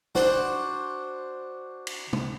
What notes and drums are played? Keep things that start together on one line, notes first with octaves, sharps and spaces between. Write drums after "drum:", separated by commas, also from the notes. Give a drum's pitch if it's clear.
D4 F#4 C5 C6, drum: snare
drum: cymbal
drum: tom